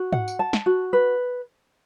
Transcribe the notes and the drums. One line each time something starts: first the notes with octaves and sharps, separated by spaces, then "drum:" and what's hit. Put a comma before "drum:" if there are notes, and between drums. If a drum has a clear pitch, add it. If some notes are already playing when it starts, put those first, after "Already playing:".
Already playing: F#4
F#5, drum: tom G#2
drum: tambourine
A5
drum: snare
F#4
B4